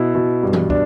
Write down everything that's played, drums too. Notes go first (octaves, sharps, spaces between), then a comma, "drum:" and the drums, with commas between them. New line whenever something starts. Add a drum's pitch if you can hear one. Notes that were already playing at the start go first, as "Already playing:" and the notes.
Already playing: B2 E4
B2
G2
drum: tom E3
D4, drum: kick